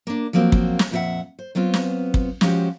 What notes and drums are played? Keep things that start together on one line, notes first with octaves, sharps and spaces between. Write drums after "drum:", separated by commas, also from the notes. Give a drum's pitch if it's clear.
A#3 D4
F3 F#3 A#3 C4 F#4
drum: kick
drum: snare
F2 A#2 D#4 F4 E5 F#5
C5
F#3 B3 C4 F4
drum: snare
drum: kick
F3 G#3 C#4 D#4 F#4 G4, drum: snare